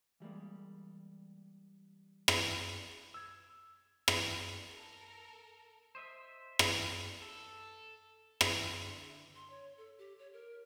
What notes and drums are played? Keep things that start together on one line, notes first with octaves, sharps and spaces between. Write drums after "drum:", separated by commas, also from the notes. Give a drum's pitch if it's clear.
E3 G3 G#3 A#3
drum: rim click
E6 G#6
drum: rim click
A4 A#4
C5 D#5 E5
drum: rim click
A4
D3 E5 C6, drum: rim click
C6
C#5
A4
G4
C#5
A#4